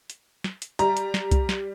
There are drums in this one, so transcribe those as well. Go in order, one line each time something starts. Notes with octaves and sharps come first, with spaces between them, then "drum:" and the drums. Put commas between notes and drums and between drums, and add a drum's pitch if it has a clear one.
drum: hi-hat
drum: snare
drum: hi-hat
G3 A#5, drum: hi-hat
drum: hi-hat
drum: snare
drum: kick C2, hi-hat
drum: snare